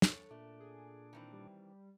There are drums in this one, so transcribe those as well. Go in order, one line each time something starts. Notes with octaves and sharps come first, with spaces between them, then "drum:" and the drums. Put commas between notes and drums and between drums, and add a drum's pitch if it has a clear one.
A4 C#5, drum: snare
A#2 A3 D4
G#4
D#3 E3 C4
G3